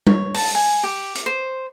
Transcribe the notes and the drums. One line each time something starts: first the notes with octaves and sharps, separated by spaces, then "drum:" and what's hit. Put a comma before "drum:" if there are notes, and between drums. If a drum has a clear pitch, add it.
C#5, drum: tom
A5, drum: open hi-hat
G#5
G4
drum: hi-hat
C5